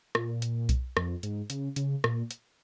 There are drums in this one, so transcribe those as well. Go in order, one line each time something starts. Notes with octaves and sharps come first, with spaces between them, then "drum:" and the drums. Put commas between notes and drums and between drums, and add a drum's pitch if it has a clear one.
A#2, drum: rim click
drum: hi-hat
drum: kick B1, hi-hat
F2, drum: rim click
G#2, drum: hi-hat
C#3, drum: hi-hat
C#3, drum: hi-hat
A#2, drum: rim click
drum: hi-hat